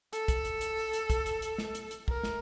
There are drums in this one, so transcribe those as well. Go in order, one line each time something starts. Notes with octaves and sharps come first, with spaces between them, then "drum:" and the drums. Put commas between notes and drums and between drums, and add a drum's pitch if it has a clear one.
A4, drum: hi-hat
drum: kick, hi-hat
drum: hi-hat
drum: hi-hat
drum: open hi-hat
drum: hi-hat
drum: kick, hi-hat
drum: hi-hat
drum: hi-hat
drum: snare
drum: hi-hat
drum: hi-hat
A#4, drum: kick
drum: snare